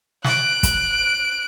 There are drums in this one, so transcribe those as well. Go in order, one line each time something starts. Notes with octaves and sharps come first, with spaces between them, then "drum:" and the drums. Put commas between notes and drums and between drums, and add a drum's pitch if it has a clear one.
F#6 D7, drum: snare
drum: kick, hi-hat